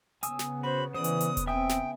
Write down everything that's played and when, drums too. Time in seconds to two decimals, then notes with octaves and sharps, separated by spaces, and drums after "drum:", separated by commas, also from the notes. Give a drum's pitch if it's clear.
0.23 C#3 B3 G#5 D#6 E6, drum: hi-hat
0.39 drum: snare
0.63 F#4 C5 B5
0.94 E3 C5 D5 D#6
1.04 drum: hi-hat
1.21 drum: hi-hat
1.37 drum: kick E1, hi-hat
1.47 C4 E5 G5 G#5 D#6
1.69 drum: snare